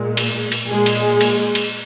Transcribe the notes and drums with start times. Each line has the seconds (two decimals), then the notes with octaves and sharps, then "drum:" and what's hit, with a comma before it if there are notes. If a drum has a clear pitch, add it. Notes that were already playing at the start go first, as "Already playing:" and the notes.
Already playing: A#2 G#3
0.17 drum: cymbal
0.52 drum: cymbal
0.68 A#2 G#3 G#4
0.86 drum: cymbal
1.21 drum: cymbal
1.55 drum: cymbal